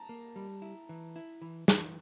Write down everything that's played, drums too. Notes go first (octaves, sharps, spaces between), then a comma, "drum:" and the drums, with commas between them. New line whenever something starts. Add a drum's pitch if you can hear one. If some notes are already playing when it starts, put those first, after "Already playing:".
Already playing: A5 A#5
A#3
G3
E4
E3
E4
E3
E3, drum: snare